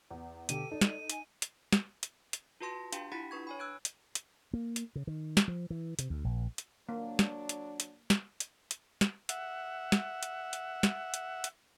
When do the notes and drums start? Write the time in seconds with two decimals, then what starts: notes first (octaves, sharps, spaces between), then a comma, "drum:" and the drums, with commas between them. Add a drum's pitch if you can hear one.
0.11 E2
0.49 B2 D3 G4 A4 G5 D#7, drum: hi-hat
0.71 D#4 A4 D5
0.81 drum: snare
1.10 G#5, drum: hi-hat
1.42 drum: hi-hat
1.73 drum: snare
2.03 drum: hi-hat
2.33 drum: hi-hat
2.60 F4 F#4 B4 A5 C6 A#6
2.93 D4 F4 G4 F5 G5 C6, drum: hi-hat
3.12 E4 F4 G4 F#5 B5 B6
3.31 D4 B4 C#6 G#6
3.47 C#5 G#5 B5
3.59 E6 F#6 G#6 D7
3.85 drum: hi-hat
4.15 drum: hi-hat
4.54 A#3
4.76 drum: hi-hat
4.96 C#3
5.07 D#3
5.37 drum: snare
5.48 F3
5.70 E3
5.99 C3, drum: hi-hat
6.10 D2
6.24 A#1
6.58 drum: hi-hat
6.89 F#3 A#3 D4
7.19 drum: snare
7.49 drum: hi-hat
7.80 drum: hi-hat
8.10 drum: snare
8.40 drum: hi-hat
8.71 drum: hi-hat
9.01 drum: snare
9.29 E5 F#5, drum: hi-hat
9.92 drum: snare
10.23 drum: hi-hat
10.53 drum: hi-hat
10.83 drum: snare
11.14 drum: hi-hat
11.44 drum: hi-hat